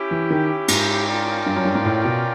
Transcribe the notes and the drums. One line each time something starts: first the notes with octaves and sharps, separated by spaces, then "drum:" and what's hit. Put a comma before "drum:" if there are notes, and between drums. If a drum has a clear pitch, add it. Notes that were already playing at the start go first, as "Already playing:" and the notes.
Already playing: C#4 E4 G4
E3
D#3
G#2, drum: cymbal
C#4 F4 A#4 D5 G5
G2
F#2
G2
G#2
A2
B2